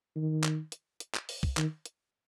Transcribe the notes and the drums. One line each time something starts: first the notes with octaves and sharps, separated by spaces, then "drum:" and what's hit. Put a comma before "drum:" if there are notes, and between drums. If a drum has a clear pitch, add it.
D#3
drum: clap
drum: hi-hat
drum: hi-hat
drum: clap
drum: open hi-hat
drum: kick
D#3, drum: clap
drum: hi-hat